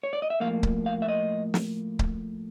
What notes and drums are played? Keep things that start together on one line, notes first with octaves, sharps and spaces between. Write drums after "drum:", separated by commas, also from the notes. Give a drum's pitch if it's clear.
C#5
D5
D#5
E5
A2 F3 A#3 F5
drum: kick C#1
F5
E5
D#5
drum: snare
drum: kick C#1